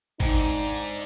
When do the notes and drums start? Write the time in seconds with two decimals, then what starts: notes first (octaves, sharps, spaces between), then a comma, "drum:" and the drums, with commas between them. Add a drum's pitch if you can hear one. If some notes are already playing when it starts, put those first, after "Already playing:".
0.20 G#2 C4 D4 D#4, drum: kick